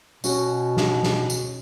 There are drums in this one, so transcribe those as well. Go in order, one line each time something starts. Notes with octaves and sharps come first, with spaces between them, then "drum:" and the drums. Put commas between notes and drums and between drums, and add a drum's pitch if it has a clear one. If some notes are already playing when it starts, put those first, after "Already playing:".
B2 C#4 F#4, drum: tambourine
drum: snare
drum: snare
drum: tambourine